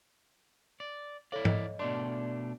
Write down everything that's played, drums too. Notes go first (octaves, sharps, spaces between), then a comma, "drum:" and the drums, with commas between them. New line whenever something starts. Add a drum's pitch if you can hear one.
D5
E4 A4 C#5 D5 F5
D#5, drum: tom G#2
B2 A3 D4 D5 C6 D6